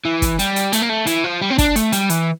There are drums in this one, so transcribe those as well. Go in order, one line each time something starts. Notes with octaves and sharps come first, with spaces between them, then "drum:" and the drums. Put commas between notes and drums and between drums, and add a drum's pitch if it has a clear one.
E3
drum: kick, hi-hat
G3, drum: hi-hat
drum: hi-hat
A3, drum: hi-hat
A#3
A3
E3, drum: hi-hat
F3
G3
C4
D4, drum: kick, hi-hat
A3, drum: hi-hat
G3, drum: hi-hat
E3, drum: hi-hat